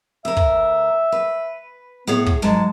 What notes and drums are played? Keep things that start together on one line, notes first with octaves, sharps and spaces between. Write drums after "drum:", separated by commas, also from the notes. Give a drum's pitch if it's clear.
D2 A#4 E5
drum: kick
B4
A2 B3 G#4 C#5
drum: kick
G#2 F#3 G#3 A5